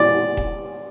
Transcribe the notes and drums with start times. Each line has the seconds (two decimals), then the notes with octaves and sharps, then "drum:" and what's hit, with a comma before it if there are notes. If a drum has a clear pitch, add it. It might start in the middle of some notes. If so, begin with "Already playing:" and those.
Already playing: D5
0.37 drum: kick E1